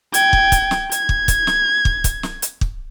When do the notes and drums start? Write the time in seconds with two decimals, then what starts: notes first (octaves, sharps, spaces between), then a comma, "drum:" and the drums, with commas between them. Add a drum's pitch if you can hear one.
0.14 G5 G#6, drum: hi-hat
0.33 drum: kick
0.52 drum: kick, hi-hat
0.71 drum: snare
0.92 G#6, drum: hi-hat
1.09 drum: kick
1.28 drum: kick, hi-hat
1.47 drum: snare
1.85 drum: kick
2.04 drum: kick, hi-hat
2.23 drum: snare
2.42 drum: hi-hat
2.61 drum: kick